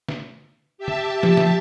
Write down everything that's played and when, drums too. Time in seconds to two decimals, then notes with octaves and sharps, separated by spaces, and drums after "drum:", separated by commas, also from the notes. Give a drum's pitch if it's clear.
0.09 drum: snare
0.78 G4 E5 A5
0.88 drum: tom
1.23 F3, drum: snare
1.37 drum: snare